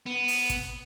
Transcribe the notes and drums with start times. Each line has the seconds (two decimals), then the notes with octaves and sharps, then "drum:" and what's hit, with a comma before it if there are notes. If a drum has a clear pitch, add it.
0.06 B3
0.28 drum: open hi-hat
0.50 drum: kick, hi-hat